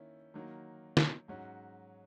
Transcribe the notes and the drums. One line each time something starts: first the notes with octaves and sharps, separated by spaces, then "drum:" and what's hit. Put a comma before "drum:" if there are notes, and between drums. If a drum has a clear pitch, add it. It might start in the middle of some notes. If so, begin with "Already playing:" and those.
Already playing: D#3 A#3 C#4 E4
D#3 F#3 A#3
drum: snare
G#2 F#3 C#4 F#4